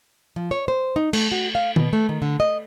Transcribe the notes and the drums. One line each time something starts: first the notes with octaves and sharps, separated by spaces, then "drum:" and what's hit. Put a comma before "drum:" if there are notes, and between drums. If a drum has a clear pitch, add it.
F3
C#5
C5
D#4
A3, drum: cymbal
F#4
F5
B2, drum: tom
A3
D#3
D3
D#5